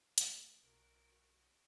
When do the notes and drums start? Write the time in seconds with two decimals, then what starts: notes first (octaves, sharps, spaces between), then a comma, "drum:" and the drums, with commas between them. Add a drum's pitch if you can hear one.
0.18 A3 D7, drum: hi-hat
0.63 B1 F#4 A#4